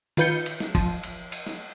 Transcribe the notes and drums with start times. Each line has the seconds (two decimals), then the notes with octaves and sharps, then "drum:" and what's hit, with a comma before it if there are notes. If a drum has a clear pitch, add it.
0.17 D#3 F4 B4 G6 C#7, drum: cymbal
0.46 drum: cymbal
0.60 drum: snare
0.75 F3, drum: kick, cymbal
1.03 drum: cymbal
1.32 drum: cymbal
1.47 drum: snare